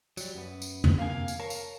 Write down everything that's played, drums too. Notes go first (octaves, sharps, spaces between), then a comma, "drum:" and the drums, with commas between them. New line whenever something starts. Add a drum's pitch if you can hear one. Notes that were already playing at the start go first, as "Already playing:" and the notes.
F#3 G3, drum: tambourine
F#2 B3
drum: tambourine
drum: tom
C3 A#3 F5 G#5
drum: tambourine
A#4 C#5 A5
drum: tambourine